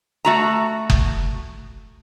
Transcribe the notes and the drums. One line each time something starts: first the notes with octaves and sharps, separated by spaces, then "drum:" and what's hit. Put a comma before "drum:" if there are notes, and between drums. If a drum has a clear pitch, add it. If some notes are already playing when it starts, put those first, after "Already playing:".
A3 F#4 A#5
drum: kick F#1